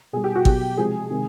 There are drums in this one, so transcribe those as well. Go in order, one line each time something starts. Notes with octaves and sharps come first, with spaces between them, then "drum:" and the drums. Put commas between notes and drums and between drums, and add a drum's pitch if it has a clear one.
B2 G3 G#4
G4
F#4
B2 F#3 G4, drum: kick G#1
C3 F3 G#3 G#4
C3 D#3 G#3